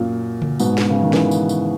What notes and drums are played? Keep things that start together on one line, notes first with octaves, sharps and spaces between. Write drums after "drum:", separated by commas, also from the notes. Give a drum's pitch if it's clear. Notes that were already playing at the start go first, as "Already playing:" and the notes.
Already playing: F#2 A#2
drum: tom C#3
G#2 B2, drum: tambourine
drum: snare
C#3
D#3
C#3 E3, drum: snare
drum: tambourine
drum: tambourine